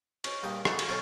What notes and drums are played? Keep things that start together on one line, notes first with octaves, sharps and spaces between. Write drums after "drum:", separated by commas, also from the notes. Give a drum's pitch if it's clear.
C#4, drum: cymbal
G2 A#2 G5 D#6
E3 D#4 F#4 A4, drum: rim click
drum: cymbal
B1 C#4 A4 C5 A#5